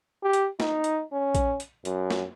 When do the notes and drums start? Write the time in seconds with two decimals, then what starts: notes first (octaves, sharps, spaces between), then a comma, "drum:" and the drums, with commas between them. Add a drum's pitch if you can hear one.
0.23 G4
0.33 drum: hi-hat
0.60 D#4, drum: snare
0.84 drum: hi-hat
1.13 C#4
1.35 drum: kick A#1, hi-hat
1.60 drum: hi-hat
1.85 F#2, drum: hi-hat
2.10 drum: snare